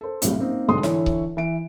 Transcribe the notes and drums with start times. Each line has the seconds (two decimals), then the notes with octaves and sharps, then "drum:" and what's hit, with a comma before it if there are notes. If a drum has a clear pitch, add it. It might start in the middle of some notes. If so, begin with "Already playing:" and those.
0.01 A4 C5
0.22 G#1 C#2 A2 C3 F#3 G3, drum: hi-hat
0.39 A#3 C4 D#4
0.68 B1 G#2 D3 C6 D#6
0.83 D3 E3 E4 C#5, drum: snare
1.06 drum: kick C#1
1.37 E3 D7